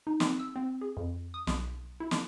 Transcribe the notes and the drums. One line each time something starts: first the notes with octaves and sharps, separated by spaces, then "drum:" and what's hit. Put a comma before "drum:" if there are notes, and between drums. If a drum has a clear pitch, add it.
D#4
C4, drum: snare
E6
C4
G#4
F2
D#6
B1, drum: snare
E4
drum: snare